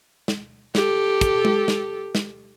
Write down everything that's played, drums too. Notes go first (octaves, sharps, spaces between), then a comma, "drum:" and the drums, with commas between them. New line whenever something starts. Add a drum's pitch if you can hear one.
drum: snare
G4 A4, drum: snare
drum: kick, hi-hat
drum: tom G#3
drum: snare
drum: snare